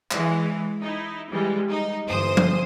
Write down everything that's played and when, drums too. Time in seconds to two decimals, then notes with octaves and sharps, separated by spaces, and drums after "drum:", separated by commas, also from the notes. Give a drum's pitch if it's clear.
0.11 E3 G#3, drum: clap
0.82 D#4 E4
1.31 E3 G3 G#3
1.69 D#4
2.07 G1 E3 C5 D#6
2.37 drum: tom F3